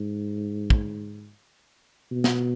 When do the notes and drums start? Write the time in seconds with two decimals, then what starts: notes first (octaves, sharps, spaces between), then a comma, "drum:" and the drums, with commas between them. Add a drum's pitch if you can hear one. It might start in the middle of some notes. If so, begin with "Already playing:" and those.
Already playing: G#2
0.70 drum: kick
2.11 B2
2.24 drum: snare